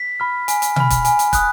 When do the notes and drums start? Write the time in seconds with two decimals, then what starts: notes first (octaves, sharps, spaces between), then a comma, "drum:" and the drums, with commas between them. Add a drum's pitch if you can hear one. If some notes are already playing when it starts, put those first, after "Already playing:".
Already playing: B6
0.20 B5 F6
0.48 G#5, drum: hi-hat
0.62 drum: hi-hat
0.76 B5 F6, drum: tom B2
0.90 drum: kick, hi-hat
1.05 G#5, drum: hi-hat
1.19 drum: hi-hat
1.33 D#6 F#6, drum: kick, hi-hat